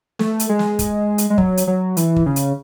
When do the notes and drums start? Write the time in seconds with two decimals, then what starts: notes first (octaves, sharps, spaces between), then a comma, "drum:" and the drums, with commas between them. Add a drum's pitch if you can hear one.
0.19 A3, drum: snare
0.39 drum: hi-hat
0.49 G#3
0.59 drum: snare
0.79 drum: kick, hi-hat
1.18 drum: hi-hat
1.30 G#3
1.38 F#3, drum: kick
1.57 drum: hi-hat
1.67 F#3
1.97 E3, drum: hi-hat
2.16 drum: kick
2.26 C#3
2.36 drum: hi-hat